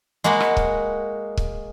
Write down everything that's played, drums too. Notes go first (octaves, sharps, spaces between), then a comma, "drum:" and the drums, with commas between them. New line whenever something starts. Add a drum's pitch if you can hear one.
G#3 A#3 F#4 B5
drum: rim click
drum: kick
drum: kick